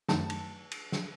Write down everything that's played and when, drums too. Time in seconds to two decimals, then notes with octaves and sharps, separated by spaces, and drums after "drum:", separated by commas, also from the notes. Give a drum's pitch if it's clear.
0.09 F#2 D#3 F#3 A3 D#4 A5, drum: snare
0.30 drum: cymbal
0.71 drum: cymbal
0.92 drum: snare